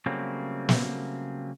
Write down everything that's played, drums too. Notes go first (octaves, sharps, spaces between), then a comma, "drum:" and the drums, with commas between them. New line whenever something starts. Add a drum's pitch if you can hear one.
C#3 F#3 G3 A3 A#3 C4
drum: snare